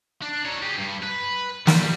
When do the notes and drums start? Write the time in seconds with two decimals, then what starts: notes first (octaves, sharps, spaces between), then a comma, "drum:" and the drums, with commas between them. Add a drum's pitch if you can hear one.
0.22 D4
0.45 D#4 C#5
0.63 G4 G#4
0.78 G2
1.03 B4
1.67 G#2 G3, drum: snare